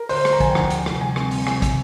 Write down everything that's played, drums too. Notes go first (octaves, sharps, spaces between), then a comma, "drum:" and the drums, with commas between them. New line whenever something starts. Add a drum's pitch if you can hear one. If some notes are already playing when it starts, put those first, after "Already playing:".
Already playing: A#4
D3 C5, drum: open hi-hat
D3, drum: rim click
A#5
F3 G#5, drum: kick, hi-hat
G5
D2 G#5, drum: rim click
D2, drum: hi-hat
C3, drum: rim click
G3 G#5
C4, drum: rim click
G3, drum: open hi-hat
C3 G#5, drum: rim click
C3, drum: kick, hi-hat